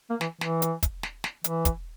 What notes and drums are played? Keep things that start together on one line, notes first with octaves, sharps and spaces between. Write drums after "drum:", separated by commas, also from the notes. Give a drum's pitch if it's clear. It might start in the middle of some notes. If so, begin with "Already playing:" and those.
A#3
E3, drum: snare
E3, drum: snare
drum: hi-hat
drum: kick, hi-hat
drum: snare
drum: snare
E3, drum: hi-hat
drum: kick, hi-hat